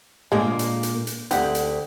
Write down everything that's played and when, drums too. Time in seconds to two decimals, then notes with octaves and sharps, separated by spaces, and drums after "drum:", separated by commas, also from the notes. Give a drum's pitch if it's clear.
0.32 A#2 D3 G#3 A#3
0.59 drum: hi-hat
0.83 drum: hi-hat
1.07 drum: hi-hat
1.31 D2 C4 G4 F#5, drum: hi-hat
1.55 drum: hi-hat